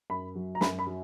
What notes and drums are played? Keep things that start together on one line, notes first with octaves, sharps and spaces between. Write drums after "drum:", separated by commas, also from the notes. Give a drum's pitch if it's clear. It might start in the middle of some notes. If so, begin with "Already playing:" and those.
F#2 B5
F#3
A#5
F#2 B5, drum: snare
B5
F#3